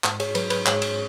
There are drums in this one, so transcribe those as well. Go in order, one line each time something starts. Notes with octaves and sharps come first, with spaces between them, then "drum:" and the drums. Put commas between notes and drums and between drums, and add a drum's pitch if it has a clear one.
G#2, drum: clap
G#4 C#5, drum: cymbal
F#3 B4, drum: cymbal
B4, drum: cymbal
G#2 G#4 C#5, drum: clap
drum: cymbal